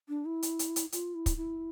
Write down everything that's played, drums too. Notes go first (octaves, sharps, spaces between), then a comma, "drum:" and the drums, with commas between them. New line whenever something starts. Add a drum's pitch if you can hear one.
D4
E4
drum: hi-hat
drum: hi-hat
drum: hi-hat
F4, drum: hi-hat
E4
drum: kick, hi-hat
E4